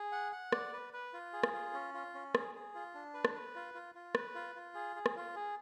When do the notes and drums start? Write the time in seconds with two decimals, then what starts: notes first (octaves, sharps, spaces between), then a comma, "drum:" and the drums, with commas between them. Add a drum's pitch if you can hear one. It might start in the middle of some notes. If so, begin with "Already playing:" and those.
Already playing: G#4
0.12 F#5
0.32 F#5
0.52 D5, drum: rim click
0.73 B4
0.93 B4
1.13 F4
1.33 G#4
1.43 drum: rim click
1.53 F4
1.74 C#4
1.94 F4
2.14 C#4
2.35 G#4, drum: rim click
2.55 G#4
2.75 F4
2.94 D4
3.14 B4
3.25 drum: rim click
3.34 B4
3.55 F4
3.74 F4
3.95 F4
4.15 B4, drum: rim click
4.35 F4
4.55 F4
4.75 G#4
4.96 G#4
5.06 drum: rim click
5.16 F4
5.36 G#4